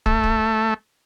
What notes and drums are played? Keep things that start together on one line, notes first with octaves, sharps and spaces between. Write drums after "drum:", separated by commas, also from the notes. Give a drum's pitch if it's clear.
A3, drum: kick
drum: kick